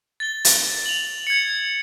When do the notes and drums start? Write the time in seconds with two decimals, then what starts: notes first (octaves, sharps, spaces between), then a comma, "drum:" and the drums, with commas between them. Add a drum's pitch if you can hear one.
0.20 A6 G7
0.45 drum: hi-hat
0.86 F7 F#7
1.27 G#6 C#7